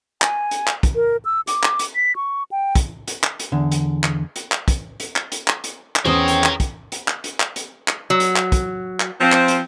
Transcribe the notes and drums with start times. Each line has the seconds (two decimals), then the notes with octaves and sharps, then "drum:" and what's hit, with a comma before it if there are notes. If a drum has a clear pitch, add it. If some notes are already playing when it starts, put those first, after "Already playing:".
0.22 G#5, drum: clap
0.51 drum: hi-hat
0.67 drum: clap
0.83 drum: kick, hi-hat
0.96 A#4
1.25 E6
1.47 D6, drum: hi-hat
1.63 drum: clap
1.79 drum: hi-hat
1.95 B6
2.16 C#6
2.52 G5
2.75 drum: kick, hi-hat
3.08 drum: hi-hat
3.24 drum: clap
3.40 drum: hi-hat
3.52 E2 D3
3.72 drum: hi-hat
4.04 drum: clap
4.36 drum: hi-hat
4.52 drum: clap
4.68 drum: kick, hi-hat
5.00 drum: hi-hat
5.16 drum: clap
5.32 drum: hi-hat
5.48 drum: clap
5.64 drum: hi-hat
5.96 drum: clap
6.05 E2 C4 C#4 A#4 C#5 D#5 D#6
6.28 drum: hi-hat
6.44 drum: clap
6.60 drum: kick, hi-hat
6.92 drum: hi-hat
7.08 drum: clap
7.24 drum: hi-hat
7.40 drum: clap
7.56 drum: hi-hat
7.88 drum: clap
8.10 F#3
8.20 drum: hi-hat
8.36 drum: clap
8.52 drum: kick, hi-hat
9.00 drum: clap
9.21 F3 C4
9.32 drum: clap
9.48 drum: hi-hat